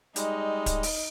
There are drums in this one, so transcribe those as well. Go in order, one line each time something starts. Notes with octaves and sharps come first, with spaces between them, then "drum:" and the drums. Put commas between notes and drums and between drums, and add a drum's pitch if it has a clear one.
G3 G#3 D#4, drum: hi-hat
drum: kick, hi-hat
drum: open hi-hat